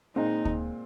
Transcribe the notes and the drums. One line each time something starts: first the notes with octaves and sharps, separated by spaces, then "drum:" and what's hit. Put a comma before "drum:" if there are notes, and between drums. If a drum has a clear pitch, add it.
A#2 G#3 C4 D#4
drum: kick D2